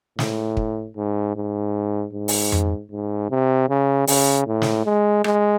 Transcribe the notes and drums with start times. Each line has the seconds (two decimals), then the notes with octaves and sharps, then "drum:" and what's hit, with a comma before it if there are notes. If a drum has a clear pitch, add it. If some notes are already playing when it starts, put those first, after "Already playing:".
0.19 A2, drum: snare
0.57 drum: kick
0.96 G#2
1.36 G#2
2.13 G#2
2.28 drum: open hi-hat
2.52 drum: tom F2
2.91 G#2
3.30 C3
3.69 C#3
4.07 C#3, drum: open hi-hat
4.46 A2
4.62 drum: snare
4.85 G#3
5.24 G#3, drum: rim click